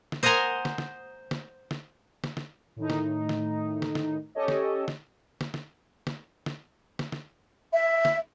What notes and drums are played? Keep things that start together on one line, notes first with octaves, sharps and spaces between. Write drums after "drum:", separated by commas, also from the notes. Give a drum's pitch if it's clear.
drum: snare
C5 D#5 F#5 G#5 A#5 C6
drum: snare
drum: snare
drum: snare
drum: snare
drum: snare
drum: snare
A2 D#3 D#4
drum: snare
drum: snare
drum: snare
drum: snare
C#4 G4 A4 C#5 D#5
drum: snare
drum: snare
drum: snare
drum: snare
drum: snare
drum: snare
drum: snare
drum: snare
E5
drum: snare